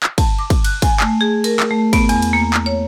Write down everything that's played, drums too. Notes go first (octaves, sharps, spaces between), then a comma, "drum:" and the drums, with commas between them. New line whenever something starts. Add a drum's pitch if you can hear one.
drum: clap
A5, drum: kick, cymbal
D6
drum: kick, cymbal
F#6, drum: cymbal
G#5, drum: kick, cymbal
A3, drum: clap
G#4
A#4, drum: cymbal
drum: clap
A3
B3, drum: kick, cymbal
E2, drum: cymbal
drum: cymbal
A#3
drum: clap
C#5